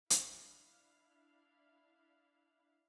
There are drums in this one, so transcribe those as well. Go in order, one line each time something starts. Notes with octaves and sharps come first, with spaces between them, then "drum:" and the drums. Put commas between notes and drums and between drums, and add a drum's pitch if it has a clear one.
D4 E4 F5, drum: hi-hat